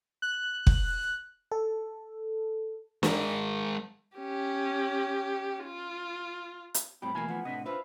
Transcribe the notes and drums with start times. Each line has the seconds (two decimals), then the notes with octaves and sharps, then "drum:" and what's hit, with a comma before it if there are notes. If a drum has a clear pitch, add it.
0.22 F#6
0.67 drum: kick
1.52 A4
3.03 G#3 A#4, drum: snare
4.17 C#4 G4
5.65 F4
6.74 drum: hi-hat
7.02 A2 G3 C4 G4 B5
7.15 B2 E3 A3 A#3 F5 G#5
7.29 F3 B3 F#5
7.45 A2 C3 D4 E4 B4 D#5
7.66 F4 B4 C5 E5 F5